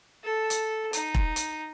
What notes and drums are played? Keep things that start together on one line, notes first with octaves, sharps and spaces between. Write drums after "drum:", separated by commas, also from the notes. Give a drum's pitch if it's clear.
A4
drum: hi-hat
D#4, drum: hi-hat
drum: kick E1
drum: hi-hat